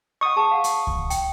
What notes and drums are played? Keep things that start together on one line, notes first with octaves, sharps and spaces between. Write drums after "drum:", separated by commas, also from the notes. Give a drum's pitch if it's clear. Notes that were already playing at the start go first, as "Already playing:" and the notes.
D#5 F#5 C#6 D#6
G#4 A5 A#5
F5 F#5
drum: hi-hat
drum: kick C#2
G5, drum: hi-hat